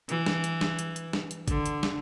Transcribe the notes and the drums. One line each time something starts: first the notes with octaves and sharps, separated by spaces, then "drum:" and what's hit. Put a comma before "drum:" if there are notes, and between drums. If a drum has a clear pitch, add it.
E3, drum: hi-hat
drum: snare
drum: hi-hat
drum: snare
drum: hi-hat
drum: hi-hat
drum: snare
drum: hi-hat
D3, drum: kick G1, hi-hat
drum: hi-hat
drum: snare